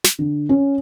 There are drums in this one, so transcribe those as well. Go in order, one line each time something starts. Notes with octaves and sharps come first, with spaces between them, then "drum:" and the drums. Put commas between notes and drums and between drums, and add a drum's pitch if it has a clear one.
drum: snare
D3
C#4